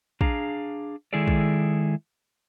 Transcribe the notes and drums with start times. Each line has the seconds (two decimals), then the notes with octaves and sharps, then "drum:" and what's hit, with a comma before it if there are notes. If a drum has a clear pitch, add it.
0.21 D4 G#4 F5 A#5, drum: kick
1.13 D#3 G#3 E4 G#4 A4 D5
1.28 drum: kick